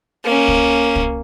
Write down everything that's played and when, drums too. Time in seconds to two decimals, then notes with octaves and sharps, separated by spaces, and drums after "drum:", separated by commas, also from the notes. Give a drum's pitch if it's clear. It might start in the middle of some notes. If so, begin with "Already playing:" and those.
0.24 A#3 C#4
0.48 drum: kick
0.96 drum: kick